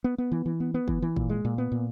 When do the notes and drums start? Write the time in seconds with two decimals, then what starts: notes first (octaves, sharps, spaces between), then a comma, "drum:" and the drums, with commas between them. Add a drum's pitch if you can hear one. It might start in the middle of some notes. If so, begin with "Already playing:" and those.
0.04 B3
0.18 B3
0.32 E3
0.46 E3
0.60 B3
0.74 B3
0.88 E3, drum: kick
1.02 E3
1.16 A#2, drum: kick
1.29 G#3
1.45 A#2
1.58 B3
1.72 A#2